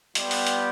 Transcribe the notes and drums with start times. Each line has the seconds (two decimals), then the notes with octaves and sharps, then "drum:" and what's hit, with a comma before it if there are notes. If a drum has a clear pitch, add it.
0.15 G3 B3 F4 G5, drum: hi-hat
0.31 drum: open hi-hat
0.47 drum: hi-hat